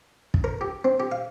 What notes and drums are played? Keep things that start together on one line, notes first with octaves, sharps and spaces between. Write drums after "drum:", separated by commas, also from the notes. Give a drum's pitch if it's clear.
drum: kick
A#4
G4
C4
G4
F5